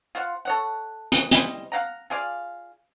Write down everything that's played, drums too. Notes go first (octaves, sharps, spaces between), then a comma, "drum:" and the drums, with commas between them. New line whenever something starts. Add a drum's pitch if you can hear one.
F4 C5 F5 F#5
A4 C#5 F#5
D#5, drum: hi-hat
G3 E4 C5 D#5, drum: hi-hat
F5 F#5 A#5
F4 G#4 D5 F5